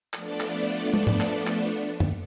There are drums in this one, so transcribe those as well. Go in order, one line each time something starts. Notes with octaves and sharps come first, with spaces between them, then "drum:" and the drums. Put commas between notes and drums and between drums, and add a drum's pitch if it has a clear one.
F3 A3 B3 D4 A4 D5, drum: clap
drum: clap
drum: tom
drum: tom G#2
drum: clap
drum: clap
drum: tom F#2